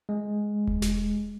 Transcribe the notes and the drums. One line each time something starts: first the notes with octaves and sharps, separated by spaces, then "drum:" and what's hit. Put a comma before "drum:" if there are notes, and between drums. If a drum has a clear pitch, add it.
G#3
drum: kick E1
drum: snare